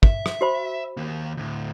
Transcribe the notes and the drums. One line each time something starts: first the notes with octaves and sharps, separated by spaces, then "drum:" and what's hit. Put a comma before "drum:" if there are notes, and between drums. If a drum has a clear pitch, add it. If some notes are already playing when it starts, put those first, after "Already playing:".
E5, drum: kick
drum: rim click
F#4 C5 B5
D#3 A#3
D2 A2